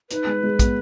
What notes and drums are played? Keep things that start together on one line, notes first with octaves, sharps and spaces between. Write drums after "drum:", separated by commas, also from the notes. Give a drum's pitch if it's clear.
D#4 B4, drum: hi-hat
G#3
G#3
B3, drum: kick, hi-hat